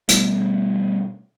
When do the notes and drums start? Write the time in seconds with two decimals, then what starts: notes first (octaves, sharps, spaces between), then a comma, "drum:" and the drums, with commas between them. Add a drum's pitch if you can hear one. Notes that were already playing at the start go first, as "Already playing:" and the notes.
0.09 B2 G3 A3 B3, drum: hi-hat